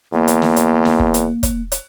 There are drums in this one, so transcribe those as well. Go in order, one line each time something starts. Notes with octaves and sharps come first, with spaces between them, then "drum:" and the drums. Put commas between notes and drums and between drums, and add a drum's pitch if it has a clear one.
E2 A#3
drum: hi-hat
drum: snare
drum: hi-hat
drum: snare
drum: kick
drum: hi-hat
drum: kick, hi-hat
drum: hi-hat